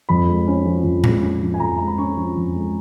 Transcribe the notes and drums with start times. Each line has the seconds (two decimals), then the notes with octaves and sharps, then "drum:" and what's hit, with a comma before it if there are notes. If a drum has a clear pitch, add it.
0.09 F2 B5
0.29 G#3
0.48 C#4
0.65 F3
0.84 F2
1.04 G#3, drum: tom A2
1.22 C#4
1.42 F3
1.54 G#5
1.60 F2 A#5
1.78 G#3 A#5
1.88 B5
1.98 C#4 C#6
2.17 F3
2.37 F2
2.56 G#3